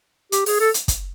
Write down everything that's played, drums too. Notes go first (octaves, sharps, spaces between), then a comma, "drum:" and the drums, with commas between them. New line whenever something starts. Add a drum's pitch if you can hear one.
G4, drum: hi-hat
G#4, drum: open hi-hat
A4
drum: hi-hat
drum: kick, hi-hat